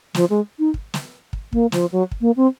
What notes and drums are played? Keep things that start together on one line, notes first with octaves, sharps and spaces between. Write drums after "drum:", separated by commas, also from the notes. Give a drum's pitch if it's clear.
F3, drum: snare
G#3
D#4
drum: kick
drum: snare
drum: kick
A#3, drum: kick
F3, drum: snare
F#3
drum: kick
A#3
C4